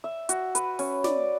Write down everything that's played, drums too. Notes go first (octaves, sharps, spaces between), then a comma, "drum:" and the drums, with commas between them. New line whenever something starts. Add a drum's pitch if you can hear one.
E5
F#4, drum: hi-hat
B4, drum: hi-hat
C#4, drum: open hi-hat
D5, drum: snare